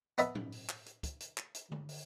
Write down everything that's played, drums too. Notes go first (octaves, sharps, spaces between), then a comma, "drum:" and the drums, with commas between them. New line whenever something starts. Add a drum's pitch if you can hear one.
B3 B4 D#5 E5 A5 B5, drum: hi-hat
drum: tom
drum: open hi-hat
drum: clap
drum: hi-hat
drum: kick, hi-hat
drum: hi-hat
drum: clap
drum: hi-hat
drum: tom D3
drum: open hi-hat